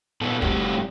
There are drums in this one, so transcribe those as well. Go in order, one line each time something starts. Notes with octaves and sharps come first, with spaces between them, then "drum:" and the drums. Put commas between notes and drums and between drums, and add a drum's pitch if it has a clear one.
A#2 B3 A4
A2 G3 A3 C4 F#4 G4, drum: kick